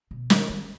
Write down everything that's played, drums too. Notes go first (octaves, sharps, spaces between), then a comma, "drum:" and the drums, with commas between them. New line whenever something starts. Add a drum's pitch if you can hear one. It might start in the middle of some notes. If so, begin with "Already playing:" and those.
B2
D#3, drum: snare
D#3